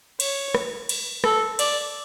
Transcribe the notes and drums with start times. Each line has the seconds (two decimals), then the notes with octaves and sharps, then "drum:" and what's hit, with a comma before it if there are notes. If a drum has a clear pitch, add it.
0.20 C#5, drum: cymbal
0.55 drum: rim click
0.89 drum: cymbal
1.24 A4, drum: rim click
1.59 D5, drum: cymbal